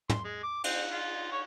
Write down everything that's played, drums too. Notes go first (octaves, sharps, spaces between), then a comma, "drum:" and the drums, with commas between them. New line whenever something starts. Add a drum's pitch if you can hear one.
C6, drum: tom
G#3
D6
C4, drum: cymbal
F4
C#5